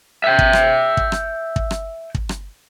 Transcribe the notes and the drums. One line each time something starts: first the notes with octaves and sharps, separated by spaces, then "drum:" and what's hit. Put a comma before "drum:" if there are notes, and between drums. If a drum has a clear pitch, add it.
E5 G5
drum: kick
drum: rim click
drum: kick
drum: rim click
drum: kick
drum: rim click
drum: kick
drum: rim click